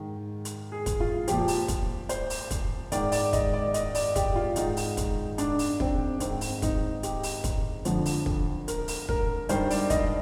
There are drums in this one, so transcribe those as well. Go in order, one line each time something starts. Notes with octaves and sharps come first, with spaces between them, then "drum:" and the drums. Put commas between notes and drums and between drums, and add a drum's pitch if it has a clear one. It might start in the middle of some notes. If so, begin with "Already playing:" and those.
Already playing: G#2 D#3
drum: hi-hat
G#4
drum: kick, hi-hat
F4
A#2 F3 G4, drum: hi-hat
drum: open hi-hat
drum: kick, hi-hat
C5, drum: hi-hat
drum: open hi-hat
drum: kick, hi-hat
G#2 D#3 D5, drum: hi-hat
D5, drum: open hi-hat
D#5, drum: kick, hi-hat
D5
D#5, drum: hi-hat
D5, drum: open hi-hat
G4, drum: kick, hi-hat
F4
G#2 D#3 D#4, drum: hi-hat
drum: open hi-hat
drum: kick, hi-hat
D4, drum: hi-hat
drum: open hi-hat
C4, drum: kick
G#2 D#3 C4, drum: hi-hat
drum: open hi-hat
D#4, drum: kick, hi-hat
G4, drum: hi-hat
drum: open hi-hat
drum: kick, hi-hat
F2 D3 F3, drum: hi-hat
drum: open hi-hat
drum: kick
A#4, drum: hi-hat
drum: open hi-hat
A#4, drum: kick
G2 D#3 C5, drum: hi-hat
D5, drum: open hi-hat
D#5, drum: kick, hi-hat